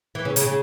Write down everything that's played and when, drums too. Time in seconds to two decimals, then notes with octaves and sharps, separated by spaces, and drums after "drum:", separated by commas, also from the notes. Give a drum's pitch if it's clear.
0.15 E3
0.25 C#3
0.36 C#3, drum: hi-hat
0.46 C#3